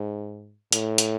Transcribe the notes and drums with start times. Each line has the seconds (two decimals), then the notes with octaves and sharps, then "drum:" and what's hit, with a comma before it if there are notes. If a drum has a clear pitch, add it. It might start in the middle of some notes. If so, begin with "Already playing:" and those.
Already playing: G#2
0.72 A2, drum: hi-hat
0.98 drum: hi-hat